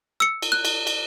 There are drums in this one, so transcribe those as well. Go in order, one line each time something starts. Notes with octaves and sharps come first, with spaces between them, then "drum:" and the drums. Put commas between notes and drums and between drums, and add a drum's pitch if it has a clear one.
E6 C#7
drum: cymbal
F#6
drum: cymbal
drum: cymbal